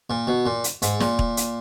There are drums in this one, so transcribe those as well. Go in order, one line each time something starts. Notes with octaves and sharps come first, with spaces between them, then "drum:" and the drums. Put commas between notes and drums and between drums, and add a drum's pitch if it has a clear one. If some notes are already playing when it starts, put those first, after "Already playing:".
A#2
B2
A#2
drum: hi-hat
G#2, drum: hi-hat
A#2, drum: snare
drum: kick
drum: hi-hat